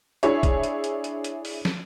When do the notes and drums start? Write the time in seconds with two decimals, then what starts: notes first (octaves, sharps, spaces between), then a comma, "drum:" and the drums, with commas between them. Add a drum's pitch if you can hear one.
0.23 D4 E4 G#4 C#5 E5, drum: hi-hat
0.43 drum: kick, hi-hat
0.63 drum: hi-hat
0.84 drum: hi-hat
1.04 drum: hi-hat
1.24 drum: hi-hat
1.45 drum: open hi-hat
1.65 drum: snare